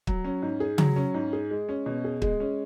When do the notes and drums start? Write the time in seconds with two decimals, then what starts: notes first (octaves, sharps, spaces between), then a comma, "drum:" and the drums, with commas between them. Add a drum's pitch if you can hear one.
0.07 F#3, drum: kick
0.24 C#4
0.42 G#2
0.60 G#4
0.78 F#3, drum: tom C#3
0.96 C#4
1.14 G#2
1.33 G#4
1.51 G#3
1.69 C#4
1.86 B2
2.04 G#4
2.22 G#3, drum: kick
2.40 C#4